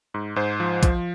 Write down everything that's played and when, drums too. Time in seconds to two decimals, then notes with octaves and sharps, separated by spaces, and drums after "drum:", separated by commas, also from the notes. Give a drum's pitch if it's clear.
0.14 G#2
0.36 G#2 C5
0.60 F3
0.83 F3, drum: kick, hi-hat